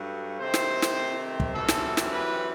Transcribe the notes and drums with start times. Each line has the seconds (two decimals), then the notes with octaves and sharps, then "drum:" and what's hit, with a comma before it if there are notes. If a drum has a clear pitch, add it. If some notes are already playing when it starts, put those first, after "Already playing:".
Already playing: G2 F#3 A3
0.39 C3 D#3 A3 C4 C5
0.54 drum: snare
0.82 drum: snare
1.40 drum: kick
1.54 F#2 E3 G3 C4 A4
1.68 drum: snare
1.97 drum: snare
2.12 B4